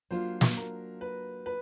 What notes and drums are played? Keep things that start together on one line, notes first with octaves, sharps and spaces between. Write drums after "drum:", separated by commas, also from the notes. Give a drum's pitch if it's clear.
F#3 A#3 D4 F4 C5
drum: snare
A#4
B4
B4